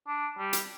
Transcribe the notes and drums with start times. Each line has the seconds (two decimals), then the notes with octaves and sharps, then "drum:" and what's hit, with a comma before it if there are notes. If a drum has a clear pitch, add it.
0.07 D4
0.38 G3
0.53 drum: hi-hat